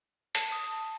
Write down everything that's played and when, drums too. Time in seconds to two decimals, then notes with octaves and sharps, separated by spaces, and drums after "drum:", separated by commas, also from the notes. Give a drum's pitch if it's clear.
0.35 A5, drum: hi-hat
0.52 D#6